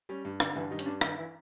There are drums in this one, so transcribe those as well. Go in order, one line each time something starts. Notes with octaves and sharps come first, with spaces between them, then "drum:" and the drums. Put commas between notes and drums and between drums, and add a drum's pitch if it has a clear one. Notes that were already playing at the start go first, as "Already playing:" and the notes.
G3 C#4
G2
D3 D4, drum: rim click
G2 E3 E4
D#3 G3 D#4
C#4, drum: hi-hat
G2 D4
D#3 D#4, drum: rim click
E3 E4